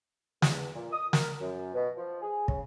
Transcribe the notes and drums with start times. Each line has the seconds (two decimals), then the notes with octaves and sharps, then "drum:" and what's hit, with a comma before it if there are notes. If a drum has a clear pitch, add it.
0.42 E2, drum: snare
0.75 A#2
0.92 D#6
1.13 A#4, drum: snare
1.40 F#2
1.74 B2
1.97 F3
2.21 G#4
2.48 C#3, drum: kick